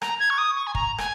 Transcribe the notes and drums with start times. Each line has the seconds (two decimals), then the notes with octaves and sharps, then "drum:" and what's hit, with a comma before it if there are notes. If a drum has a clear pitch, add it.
0.02 A#5, drum: rim click
0.20 G#6
0.30 C#6
0.38 D#6
0.56 C#6
0.67 G#5
0.75 A#5, drum: kick
0.98 G#5, drum: rim click